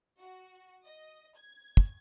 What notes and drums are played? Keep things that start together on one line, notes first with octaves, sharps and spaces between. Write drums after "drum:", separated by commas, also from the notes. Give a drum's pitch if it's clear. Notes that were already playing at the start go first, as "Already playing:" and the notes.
F#4
D#5
G#6
drum: kick